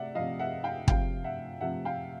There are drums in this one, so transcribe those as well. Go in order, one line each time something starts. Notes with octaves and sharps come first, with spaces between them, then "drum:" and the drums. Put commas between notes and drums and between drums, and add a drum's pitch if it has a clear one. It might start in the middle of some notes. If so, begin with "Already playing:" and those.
Already playing: C3 D5 E5 F#5
C3 F3 D#5 F5
E5 F#5
F5 G5
C3 F3 F5 G5, drum: kick
E5 F#5
C3 F3 E5 F#5
F5 G5